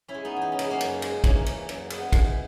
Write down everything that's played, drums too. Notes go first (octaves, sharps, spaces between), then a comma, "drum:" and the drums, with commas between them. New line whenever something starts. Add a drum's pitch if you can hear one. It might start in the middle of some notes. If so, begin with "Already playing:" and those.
C#4 E4
G#3
B3 D#4
E3
D#4
C#4
C#3 B3, drum: cymbal
A#3 C#4
F#2, drum: cymbal
G#3, drum: cymbal
E3 A#3 C#4, drum: kick, cymbal
C#3, drum: cymbal
F#2, drum: cymbal
G#3 B3, drum: cymbal
E3, drum: kick, cymbal